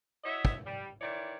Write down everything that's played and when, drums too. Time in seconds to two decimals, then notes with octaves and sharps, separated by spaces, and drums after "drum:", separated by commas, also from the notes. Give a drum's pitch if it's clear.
0.24 E4 F#4 C#5 D#5 E5
0.45 drum: kick
0.66 G3
1.01 D#3 E3 C#5 D5